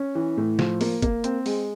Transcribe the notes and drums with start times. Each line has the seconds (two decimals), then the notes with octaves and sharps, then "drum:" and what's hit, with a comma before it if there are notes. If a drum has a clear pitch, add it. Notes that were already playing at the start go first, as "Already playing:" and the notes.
Already playing: C#4
0.15 E3
0.37 A2
0.59 F3, drum: snare
0.81 A#3, drum: open hi-hat
1.02 A#3, drum: kick G1, hi-hat
1.24 C4, drum: hi-hat
1.46 G#3, drum: open hi-hat